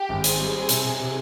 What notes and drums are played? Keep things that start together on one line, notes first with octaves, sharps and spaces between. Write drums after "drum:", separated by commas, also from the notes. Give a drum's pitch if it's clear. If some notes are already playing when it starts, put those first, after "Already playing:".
Already playing: G4
G#1
C4 G#4, drum: hi-hat
G3
C4
C3, drum: hi-hat
C3
C3